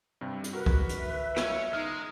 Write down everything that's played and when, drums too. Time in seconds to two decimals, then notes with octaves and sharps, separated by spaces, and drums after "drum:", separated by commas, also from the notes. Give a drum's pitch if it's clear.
0.21 G2 C3 G3
0.44 drum: hi-hat
0.53 F#4 A#4 B4
0.66 drum: kick
0.89 drum: hi-hat
0.98 E5
1.36 A#3 C#4 G#6, drum: rim click
1.73 G#3 D#4 F6